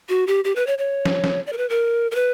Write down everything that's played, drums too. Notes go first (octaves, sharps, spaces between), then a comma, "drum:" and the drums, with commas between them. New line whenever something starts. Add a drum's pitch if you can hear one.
F#4
G4
G4
B4
C#5
C#5
drum: snare
drum: snare
D5
A#4
B4
A#4
A#4
B4